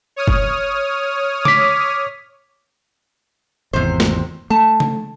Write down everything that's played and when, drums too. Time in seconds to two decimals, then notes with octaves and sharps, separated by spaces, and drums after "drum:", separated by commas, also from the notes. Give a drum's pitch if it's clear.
0.16 C#5 D#6 F6
0.28 drum: kick F#1
1.45 D6 B6, drum: tom C#3
3.73 G#1 E2 C3 C5
4.00 drum: snare
4.50 A3 A5
4.80 drum: tom C#3